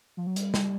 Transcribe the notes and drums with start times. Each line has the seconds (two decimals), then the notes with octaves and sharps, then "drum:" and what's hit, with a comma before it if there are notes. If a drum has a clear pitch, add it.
0.17 F3
0.27 F#3
0.36 G3, drum: hi-hat
0.54 drum: snare